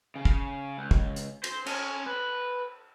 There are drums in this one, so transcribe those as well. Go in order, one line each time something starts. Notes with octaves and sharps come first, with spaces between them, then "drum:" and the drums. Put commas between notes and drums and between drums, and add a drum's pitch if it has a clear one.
C#3
drum: kick
C#2
drum: kick
drum: hi-hat
C5, drum: cymbal
C#4, drum: cymbal
B4